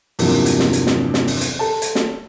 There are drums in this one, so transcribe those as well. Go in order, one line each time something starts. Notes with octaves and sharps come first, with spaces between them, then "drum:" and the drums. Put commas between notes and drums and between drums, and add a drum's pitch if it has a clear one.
E2 G2 C3 F3 F#3 A#3, drum: open hi-hat
drum: hi-hat
drum: snare
drum: hi-hat
drum: snare
drum: snare
drum: open hi-hat
drum: hi-hat
A4 A5
drum: hi-hat
drum: snare